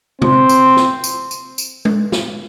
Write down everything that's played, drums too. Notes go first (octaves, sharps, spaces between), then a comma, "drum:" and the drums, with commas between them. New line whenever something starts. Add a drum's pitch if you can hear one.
C4, drum: tom
drum: tambourine
drum: snare
drum: tambourine
drum: tambourine
drum: tambourine
drum: tom G#3
drum: snare